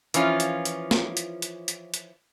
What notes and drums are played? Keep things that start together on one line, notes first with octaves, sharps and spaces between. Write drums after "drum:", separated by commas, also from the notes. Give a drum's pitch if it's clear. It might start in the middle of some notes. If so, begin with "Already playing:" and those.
E3 F3 C#4 F4, drum: hi-hat
drum: hi-hat
drum: hi-hat
drum: snare
drum: hi-hat
drum: hi-hat
drum: hi-hat
drum: hi-hat